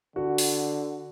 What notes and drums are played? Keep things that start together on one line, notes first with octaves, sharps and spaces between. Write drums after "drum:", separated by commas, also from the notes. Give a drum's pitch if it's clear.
D3 F#4
drum: open hi-hat